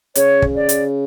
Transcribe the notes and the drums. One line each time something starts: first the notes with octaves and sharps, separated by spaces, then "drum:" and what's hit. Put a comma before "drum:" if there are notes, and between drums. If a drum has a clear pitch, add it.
C#3 C#5, drum: hi-hat
drum: kick
D5
drum: hi-hat